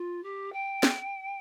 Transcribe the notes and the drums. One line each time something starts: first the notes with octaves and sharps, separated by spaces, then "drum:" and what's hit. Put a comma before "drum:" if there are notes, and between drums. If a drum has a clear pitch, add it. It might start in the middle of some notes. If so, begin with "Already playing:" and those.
Already playing: F4
G4
G5
drum: snare